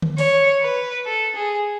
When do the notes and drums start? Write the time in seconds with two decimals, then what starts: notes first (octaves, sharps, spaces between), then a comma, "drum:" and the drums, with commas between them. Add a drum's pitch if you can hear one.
0.02 drum: tom D3
0.18 C#5, drum: open hi-hat
0.63 B4
1.06 A4
1.36 G#4